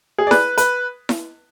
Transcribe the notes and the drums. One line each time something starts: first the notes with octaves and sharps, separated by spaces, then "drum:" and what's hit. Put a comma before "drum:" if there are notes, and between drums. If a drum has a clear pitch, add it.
G#4
D5
B4, drum: snare E4
B4, drum: hi-hat
drum: snare E4